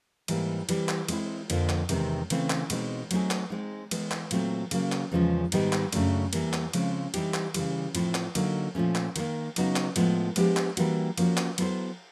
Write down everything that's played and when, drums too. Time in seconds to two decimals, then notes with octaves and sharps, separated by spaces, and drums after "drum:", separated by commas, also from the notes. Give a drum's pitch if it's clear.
0.28 G#2 E3 G3 A#3, drum: cymbal
0.69 E3 G3 C4, drum: cymbal
0.89 drum: clap
1.08 G#3 C4 E4, drum: cymbal
1.50 F2 D3 F3 A#3, drum: cymbal
1.69 drum: clap
1.89 E2 C3 D#3 G#3 C4, drum: cymbal
2.30 C#3 E3 A3 C4, drum: cymbal
2.50 drum: clap
2.70 B2 G#3 C4 D#4, drum: cymbal
3.11 F#3 A3 C4 D#4 G#4, drum: cymbal
3.31 drum: clap
3.50 G#3 C4 D#4
3.91 E3 G#3 B3, drum: cymbal
4.11 drum: clap
4.31 A#2 F#3 A3 C4, drum: cymbal
4.71 C#3 F#3 A#3, drum: cymbal
4.92 drum: clap
5.12 E2 C#3 F3 G#3 C#4
5.52 G#2 D#3 G3 B3 D#4, drum: cymbal
5.73 drum: clap
5.93 F#2 C#3 F#3 A3 D4, drum: cymbal
6.33 E2 C3 E3 G3 A#3, drum: cymbal
6.53 drum: clap
6.73 C#3 F3 G#3 C4, drum: cymbal
7.14 E3 G3 C4 D#4 G4, drum: cymbal
7.34 drum: clap
7.54 C#3 E3 G3, drum: cymbal
7.95 A2 F3 A3 C4 E4, drum: cymbal
8.15 drum: clap
8.35 D3 F#3 A#3 D#4, drum: cymbal
8.75 A#2 F3 A3 C#4
8.95 drum: clap
9.16 D#3 G3 A#3, drum: cymbal
9.56 C#3 F#3 B3 D#4 F#4, drum: cymbal
9.76 drum: clap
9.96 A2 F3 G#3 B3, drum: cymbal
10.36 F3 G#3 B3 D4 G4, drum: cymbal
10.57 drum: clap
10.77 E3 G3 A#3 D4 F#4, drum: cymbal
11.17 F3 A#3 C#4 F#4, drum: cymbal
11.37 drum: clap
11.58 F#3 B3 E4 A4 C5, drum: cymbal